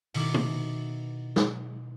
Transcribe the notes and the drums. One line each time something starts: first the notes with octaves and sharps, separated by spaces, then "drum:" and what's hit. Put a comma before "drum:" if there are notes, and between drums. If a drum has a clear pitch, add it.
B2 D#3 E4 D6, drum: open hi-hat
drum: tom
drum: snare